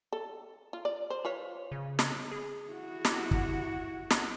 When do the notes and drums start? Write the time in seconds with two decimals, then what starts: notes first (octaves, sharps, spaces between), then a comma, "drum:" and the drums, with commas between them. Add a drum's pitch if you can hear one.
0.13 A4
0.73 F4
0.85 D5
1.10 C5
1.25 F4 B4 C#5
1.72 C#3
1.99 drum: snare
2.31 G#4
2.71 E4 F#4
3.05 G4, drum: snare
3.31 drum: kick
4.11 drum: snare